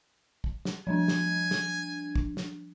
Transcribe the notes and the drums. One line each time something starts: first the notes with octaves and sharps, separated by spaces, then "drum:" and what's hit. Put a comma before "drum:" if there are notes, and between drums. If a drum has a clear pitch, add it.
drum: kick
drum: snare
F3 G3 D4 G#5
drum: snare
drum: snare
drum: kick
drum: snare